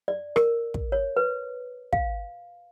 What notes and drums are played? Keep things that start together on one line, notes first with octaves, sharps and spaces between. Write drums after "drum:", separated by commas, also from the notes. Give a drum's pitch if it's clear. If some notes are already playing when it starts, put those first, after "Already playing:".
D5
A#4, drum: rim click
drum: kick
C#5
B4
F5, drum: kick